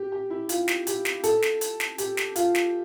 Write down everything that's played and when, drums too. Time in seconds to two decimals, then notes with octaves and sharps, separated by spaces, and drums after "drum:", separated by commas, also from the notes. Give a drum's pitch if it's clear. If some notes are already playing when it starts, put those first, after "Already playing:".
Already playing: G4
0.12 G4
0.30 E4
0.49 F4, drum: hi-hat
0.68 drum: snare
0.87 G4, drum: hi-hat
1.05 drum: snare
1.24 A4, drum: hi-hat
1.42 drum: snare
1.61 drum: hi-hat
1.80 drum: snare
1.98 G4, drum: hi-hat
2.17 drum: snare
2.36 F4, drum: hi-hat
2.55 drum: snare